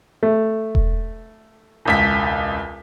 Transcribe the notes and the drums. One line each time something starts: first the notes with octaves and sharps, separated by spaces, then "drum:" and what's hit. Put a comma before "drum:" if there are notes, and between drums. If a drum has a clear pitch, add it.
A3
drum: kick E1
E1 C#2 B6